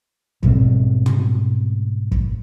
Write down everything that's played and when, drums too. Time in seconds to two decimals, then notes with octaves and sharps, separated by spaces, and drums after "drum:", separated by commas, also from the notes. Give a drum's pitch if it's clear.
0.43 G#2 B2 G3 C4, drum: kick
1.06 drum: tom
2.11 drum: kick